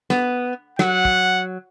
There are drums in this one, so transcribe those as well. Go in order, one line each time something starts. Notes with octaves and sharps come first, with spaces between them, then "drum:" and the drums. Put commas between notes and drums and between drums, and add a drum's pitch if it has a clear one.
B3, drum: snare
F#3 F#5, drum: snare
drum: kick